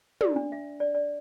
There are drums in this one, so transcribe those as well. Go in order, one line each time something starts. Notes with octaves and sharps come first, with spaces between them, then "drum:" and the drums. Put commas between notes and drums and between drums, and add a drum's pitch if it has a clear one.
D5, drum: tom
D4
E5
D5
D5